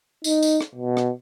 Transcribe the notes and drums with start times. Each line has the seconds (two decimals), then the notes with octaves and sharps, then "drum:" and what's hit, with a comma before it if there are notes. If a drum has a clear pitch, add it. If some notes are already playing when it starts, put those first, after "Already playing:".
0.24 D#4, drum: tambourine
0.42 drum: tambourine
0.61 drum: rim click
0.75 B2
0.97 drum: rim click